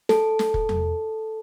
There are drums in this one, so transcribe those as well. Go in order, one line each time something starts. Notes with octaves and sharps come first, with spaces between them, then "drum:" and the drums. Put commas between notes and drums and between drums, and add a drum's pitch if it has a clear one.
A4, drum: snare
drum: snare
drum: kick
drum: tom E2